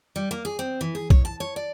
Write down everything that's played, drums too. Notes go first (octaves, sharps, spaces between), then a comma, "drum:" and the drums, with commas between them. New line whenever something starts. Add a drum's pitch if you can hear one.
G3
A#3
G#4
C4
E3
G#4
C#5, drum: kick
A5
C#5
D5